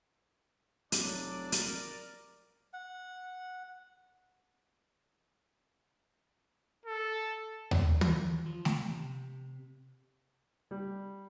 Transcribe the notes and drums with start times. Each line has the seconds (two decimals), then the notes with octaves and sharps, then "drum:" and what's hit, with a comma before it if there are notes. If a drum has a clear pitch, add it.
0.92 F1 F#3 D4 D5, drum: hi-hat
1.52 A#4, drum: hi-hat
2.73 F#5
6.85 A4
7.71 drum: tom D#2
8.01 drum: tom
8.46 F3
8.65 C2, drum: snare
8.89 C3
10.71 G3